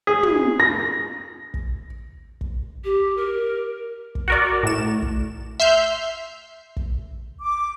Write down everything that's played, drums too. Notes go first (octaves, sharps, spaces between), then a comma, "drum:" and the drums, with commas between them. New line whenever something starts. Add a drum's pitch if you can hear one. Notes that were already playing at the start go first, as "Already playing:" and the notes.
G#4
drum: tom
A#6
drum: kick
drum: kick
G4
A#4
drum: kick
F#4 A#4 D5
A2 E7
drum: kick
E5 C6 F6 G6
drum: kick
D6